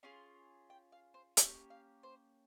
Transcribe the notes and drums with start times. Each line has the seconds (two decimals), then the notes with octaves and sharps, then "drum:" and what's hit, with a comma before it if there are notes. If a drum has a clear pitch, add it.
0.03 C#4 F4 G#4 C6
0.70 G5
0.92 F5
1.14 C5
1.37 A#3 C#4 G4 E5, drum: hi-hat
1.70 F5
2.03 C5